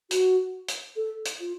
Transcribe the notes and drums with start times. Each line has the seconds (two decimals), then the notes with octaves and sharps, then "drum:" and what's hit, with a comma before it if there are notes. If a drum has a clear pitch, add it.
0.11 F#4, drum: hi-hat
0.68 drum: hi-hat
0.96 A4
1.25 drum: hi-hat
1.40 F4